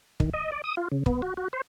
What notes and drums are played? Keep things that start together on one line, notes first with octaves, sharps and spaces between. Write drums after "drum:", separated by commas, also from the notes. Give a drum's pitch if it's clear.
D#3, drum: kick
D#5
D5
D#6
F4
C#3
B3, drum: kick
F#4
F#4
C5